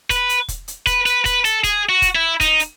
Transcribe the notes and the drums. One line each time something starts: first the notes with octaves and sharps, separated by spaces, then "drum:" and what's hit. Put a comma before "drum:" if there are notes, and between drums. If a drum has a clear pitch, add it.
B4, drum: kick, hi-hat
drum: hi-hat
drum: kick, hi-hat
drum: hi-hat
B4, drum: kick, hi-hat
B4, drum: hi-hat
B4, drum: kick, hi-hat
A4, drum: hi-hat
G#4, drum: kick, hi-hat
F#4
drum: kick, hi-hat
E4
D#4, drum: kick, hi-hat
drum: hi-hat